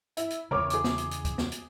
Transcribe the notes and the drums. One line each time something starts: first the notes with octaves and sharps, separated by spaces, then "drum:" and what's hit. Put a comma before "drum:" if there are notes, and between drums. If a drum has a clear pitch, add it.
E4, drum: hi-hat
drum: hi-hat
E2 C#3 A#4 C#5 D6
G#4 D6, drum: hi-hat
drum: snare
drum: hi-hat
drum: hi-hat
drum: kick C#2, hi-hat
drum: snare
drum: hi-hat